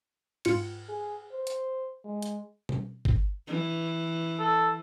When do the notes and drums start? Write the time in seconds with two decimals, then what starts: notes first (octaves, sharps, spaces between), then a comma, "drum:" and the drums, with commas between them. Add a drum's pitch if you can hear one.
0.45 G#2 F4 C#7, drum: cymbal
0.89 G#4
1.32 C5
1.47 drum: hi-hat
2.05 G#3
2.22 drum: hi-hat
2.69 drum: tom B2
3.05 drum: kick G1
3.47 E3
4.39 A4